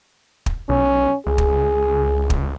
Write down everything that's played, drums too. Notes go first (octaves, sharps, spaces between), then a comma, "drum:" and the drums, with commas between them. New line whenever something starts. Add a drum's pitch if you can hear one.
drum: kick
B1 C#4
C#2 G#4
drum: kick
drum: kick